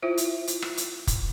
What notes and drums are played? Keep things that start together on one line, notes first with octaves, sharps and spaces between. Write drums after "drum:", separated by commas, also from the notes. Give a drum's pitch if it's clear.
E4 F4 C5 E5
drum: hi-hat
drum: hi-hat
drum: rim click
drum: hi-hat
drum: kick, hi-hat